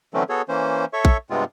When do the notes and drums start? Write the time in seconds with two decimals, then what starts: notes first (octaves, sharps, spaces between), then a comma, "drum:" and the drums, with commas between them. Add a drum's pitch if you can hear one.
0.14 D3 E3 F#3 A3 C4 C#4
0.29 B3 F#4 G#4 A4 C#5
0.49 E3 A#3 C#4 C5
0.93 A4 C#5 E5 C#6
1.05 drum: kick
1.30 G2 C3 G#3 B3 C4 F4